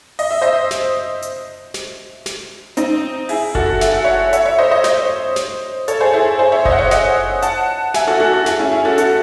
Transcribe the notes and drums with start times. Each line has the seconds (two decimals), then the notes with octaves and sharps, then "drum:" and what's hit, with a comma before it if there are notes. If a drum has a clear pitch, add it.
0.19 D#5, drum: open hi-hat
0.31 E5
0.41 C5 D#5
0.71 drum: snare
1.22 drum: hi-hat
1.74 drum: snare
2.26 drum: snare
2.77 C4 D#4, drum: hi-hat
3.29 E4 G#4, drum: open hi-hat
3.55 F#4 A4, drum: kick F#1
3.81 E5, drum: snare
3.93 F#5
4.04 C#5 E5
4.33 C#5 E5, drum: hi-hat
4.45 C#5 E5
4.58 C5 D#5
4.71 C5 D#5
4.84 C5 D#5, drum: snare
5.36 drum: snare
5.88 A4 C#5, drum: hi-hat
6.00 G#4 C5
6.13 E4 G#4
6.39 G#4 C5
6.52 C#5 E5
6.65 C5 D#5, drum: kick F#1
6.72 F#5
6.78 C#5 E5
6.91 D#5 F#5, drum: snare
7.42 F#5 A5, drum: hi-hat
7.94 E5 G#5, drum: snare
8.07 F#4 A4
8.20 F#4 A4
8.33 F#4 A4
8.46 E4 G#4, drum: snare
8.59 C#4 E4
8.72 E4 G#4
8.85 F#4 A4
8.98 F#4 A4, drum: hi-hat